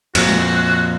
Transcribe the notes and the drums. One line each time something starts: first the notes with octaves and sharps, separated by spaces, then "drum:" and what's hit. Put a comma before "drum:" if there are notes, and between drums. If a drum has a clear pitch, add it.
F2 A#2 F#4, drum: cymbal
drum: tom G#3